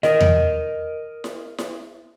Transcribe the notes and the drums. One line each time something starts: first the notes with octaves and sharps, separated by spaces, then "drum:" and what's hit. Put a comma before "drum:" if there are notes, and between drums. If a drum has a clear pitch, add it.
A#4 D#5, drum: snare E4
drum: tom E2
drum: snare E4
drum: snare E4